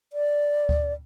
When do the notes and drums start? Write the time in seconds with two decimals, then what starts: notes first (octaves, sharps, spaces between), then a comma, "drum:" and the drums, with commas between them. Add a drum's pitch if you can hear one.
0.13 D5
0.69 drum: kick D2